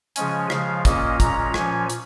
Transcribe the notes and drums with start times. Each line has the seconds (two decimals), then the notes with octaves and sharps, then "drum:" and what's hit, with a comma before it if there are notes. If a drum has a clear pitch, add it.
0.16 C#3 F3 G#3 C#4 G#5, drum: hi-hat
0.50 C#3 F3 G#3 F5, drum: rim click
0.85 A#2 A#3 C#4 D#5, drum: kick, hi-hat
1.20 A#2 G#3 C#4 A#5, drum: kick, hi-hat
1.54 A#2 F3 C#4 G#5, drum: rim click
1.90 drum: hi-hat